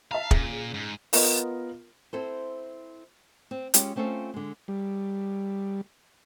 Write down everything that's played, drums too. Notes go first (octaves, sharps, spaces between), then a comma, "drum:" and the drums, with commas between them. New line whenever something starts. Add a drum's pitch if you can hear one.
E5 F5 A5 A#5
A#2 C#3, drum: kick
G#2
B3 F4 A#4 D#5, drum: open hi-hat
C4 E4 A4 C5
C4
G#3 C#4 F4 G4, drum: hi-hat
A3 C4 C#4 F4 A4 F5
D3 G#3
G3